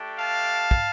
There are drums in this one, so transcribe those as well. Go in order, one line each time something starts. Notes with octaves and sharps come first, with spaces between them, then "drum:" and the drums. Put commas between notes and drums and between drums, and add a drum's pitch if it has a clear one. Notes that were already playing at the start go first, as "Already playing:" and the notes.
Already playing: A3 D4 G4
F5 A5
drum: kick